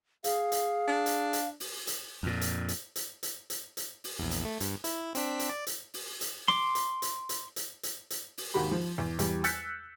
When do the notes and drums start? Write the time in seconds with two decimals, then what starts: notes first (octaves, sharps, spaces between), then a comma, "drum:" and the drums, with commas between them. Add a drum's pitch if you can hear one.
0.24 G#4 F5, drum: hi-hat
0.52 drum: hi-hat
0.88 D4
1.06 drum: hi-hat
1.33 drum: hi-hat
1.60 drum: open hi-hat
1.87 drum: hi-hat
2.23 F2 A#2
2.41 drum: hi-hat
2.68 drum: hi-hat
2.96 drum: hi-hat
3.23 drum: hi-hat
3.50 drum: hi-hat
3.77 drum: hi-hat
4.04 drum: open hi-hat
4.19 A#1 E2
4.31 drum: hi-hat
4.45 A3
4.60 G2, drum: hi-hat
4.84 E4, drum: hi-hat
5.15 C4 D4 B6, drum: hi-hat
5.39 drum: hi-hat
5.49 D5
5.67 drum: hi-hat
5.94 drum: open hi-hat
6.21 drum: hi-hat
6.48 C6 D6, drum: snare
6.75 drum: hi-hat
7.02 drum: hi-hat
7.29 drum: hi-hat
7.56 drum: hi-hat
7.83 drum: hi-hat
8.10 drum: hi-hat
8.38 drum: open hi-hat
8.54 G#1 D#2 F#4 G4 B5
8.71 F3
8.98 E2
9.19 E2 G3, drum: hi-hat
9.44 E6 F#6 G6 A6 B6 C#7, drum: hi-hat